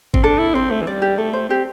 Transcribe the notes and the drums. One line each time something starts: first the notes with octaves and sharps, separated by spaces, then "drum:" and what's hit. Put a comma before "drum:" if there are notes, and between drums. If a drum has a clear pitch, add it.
C4, drum: kick G#1
D4 A4
E4
C4 C5
A3
E3
G3 D5
G4
A3 A4
C5
C4 G4